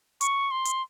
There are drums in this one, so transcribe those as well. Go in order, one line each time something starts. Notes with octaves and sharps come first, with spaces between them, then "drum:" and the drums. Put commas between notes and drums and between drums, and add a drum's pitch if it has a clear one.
C#6, drum: hi-hat
C6
drum: hi-hat